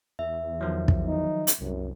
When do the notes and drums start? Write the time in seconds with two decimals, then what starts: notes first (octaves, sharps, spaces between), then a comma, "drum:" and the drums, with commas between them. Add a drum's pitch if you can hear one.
0.19 E2 E5
0.61 D#3 F3 F#3
0.88 drum: kick
1.07 D#4
1.47 drum: hi-hat
1.61 C2 F#2